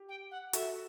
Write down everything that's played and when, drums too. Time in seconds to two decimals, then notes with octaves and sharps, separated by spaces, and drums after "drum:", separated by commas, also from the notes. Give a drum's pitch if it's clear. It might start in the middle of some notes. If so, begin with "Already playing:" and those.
Already playing: G4
0.08 G5
0.31 F#5
0.53 F#4 A4 E5, drum: hi-hat